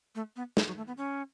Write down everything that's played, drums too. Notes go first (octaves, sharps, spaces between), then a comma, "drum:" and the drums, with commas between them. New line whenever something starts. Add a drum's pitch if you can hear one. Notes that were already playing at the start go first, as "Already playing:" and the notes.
A3
B3
A3, drum: snare
F#3
A3
B3
C#4